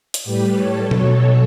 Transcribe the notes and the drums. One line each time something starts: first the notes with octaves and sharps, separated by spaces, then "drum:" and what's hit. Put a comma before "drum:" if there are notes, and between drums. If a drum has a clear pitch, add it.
drum: hi-hat
A2 G3 G4 B4
A4 C#5
B2 F#3 A4 C#5
drum: tom B2